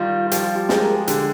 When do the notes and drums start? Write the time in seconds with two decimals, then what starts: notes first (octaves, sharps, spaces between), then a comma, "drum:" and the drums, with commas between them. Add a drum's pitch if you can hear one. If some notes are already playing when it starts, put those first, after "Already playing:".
Already playing: D#3 G3 F4
0.32 F3 G4, drum: hi-hat
0.44 F4
0.55 G4
0.69 G#3 C5, drum: snare
0.82 A#4
0.95 G#4
1.08 D3 G4, drum: hi-hat